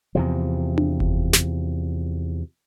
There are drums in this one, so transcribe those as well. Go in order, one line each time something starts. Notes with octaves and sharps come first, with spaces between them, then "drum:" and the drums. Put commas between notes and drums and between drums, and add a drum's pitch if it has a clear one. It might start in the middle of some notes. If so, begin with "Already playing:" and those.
E2 C3 F3
drum: tom D4
drum: kick F#1
drum: snare